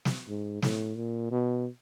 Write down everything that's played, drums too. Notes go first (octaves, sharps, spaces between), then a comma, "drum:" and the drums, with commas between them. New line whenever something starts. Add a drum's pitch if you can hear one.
drum: snare
G#2
A2, drum: snare
A#2
B2